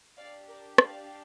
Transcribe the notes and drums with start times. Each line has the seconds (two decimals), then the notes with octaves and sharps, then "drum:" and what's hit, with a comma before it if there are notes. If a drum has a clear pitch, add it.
0.17 D4 G4 D5 F5
0.48 A#4 D5
0.78 D5 F5, drum: rim click